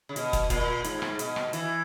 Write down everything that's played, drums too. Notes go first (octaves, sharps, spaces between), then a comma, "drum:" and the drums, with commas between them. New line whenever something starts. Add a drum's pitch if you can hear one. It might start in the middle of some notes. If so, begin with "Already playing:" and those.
C#3
B2, drum: hi-hat
drum: kick, hi-hat
A#2, drum: kick, hi-hat
G#2, drum: hi-hat
drum: rim click
B2, drum: hi-hat
drum: rim click
E3, drum: hi-hat